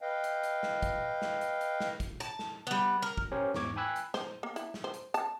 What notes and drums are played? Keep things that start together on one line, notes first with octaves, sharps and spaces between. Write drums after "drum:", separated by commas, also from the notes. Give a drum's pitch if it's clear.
B4 D#5 F5 G5
drum: hi-hat
drum: hi-hat
drum: snare
drum: kick, hi-hat
drum: snare
drum: hi-hat
drum: hi-hat
drum: snare
drum: kick, hi-hat
A5, drum: hi-hat
drum: snare
G3 B3
A#4
drum: kick
C#4 G4 A#4 C5 C#5
E2 G#2 C#6 D6 G#6, drum: snare
G5 G#5 B5 E6 F#6 G#6
drum: hi-hat
C5, drum: snare
A#3
E4, drum: hi-hat
drum: snare
C5
drum: hi-hat
A5, drum: hi-hat